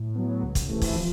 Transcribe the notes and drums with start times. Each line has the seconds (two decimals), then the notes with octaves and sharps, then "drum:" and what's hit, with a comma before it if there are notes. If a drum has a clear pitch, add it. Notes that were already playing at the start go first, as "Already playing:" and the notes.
Already playing: A2
0.15 F#3 B3
0.42 C#2
0.55 drum: kick, hi-hat
0.68 C3 E3 A3
0.82 drum: kick, open hi-hat
0.95 F3